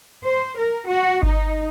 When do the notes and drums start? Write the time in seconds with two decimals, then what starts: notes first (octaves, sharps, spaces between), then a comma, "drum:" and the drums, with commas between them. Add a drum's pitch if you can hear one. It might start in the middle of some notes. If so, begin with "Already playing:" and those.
0.23 C5
0.57 A#4
0.87 F#4
1.23 D#4, drum: kick G1